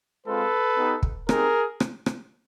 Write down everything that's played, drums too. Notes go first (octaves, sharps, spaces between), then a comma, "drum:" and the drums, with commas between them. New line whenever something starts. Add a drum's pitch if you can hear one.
G#3 C4 F4 A4 B4
B3 D#4 G4
drum: kick
C4 D#4 G4 G#4 A#4, drum: rim click
drum: rim click
drum: rim click